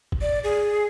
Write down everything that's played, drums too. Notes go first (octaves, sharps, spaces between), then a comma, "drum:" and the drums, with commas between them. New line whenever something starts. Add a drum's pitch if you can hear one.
drum: kick
D5
G#4